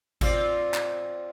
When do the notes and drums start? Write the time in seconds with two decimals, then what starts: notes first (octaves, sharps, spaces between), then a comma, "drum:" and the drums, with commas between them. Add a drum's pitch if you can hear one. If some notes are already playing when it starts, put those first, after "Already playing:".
0.21 C4 F4 D5, drum: kick G#1, cymbal
0.74 drum: clap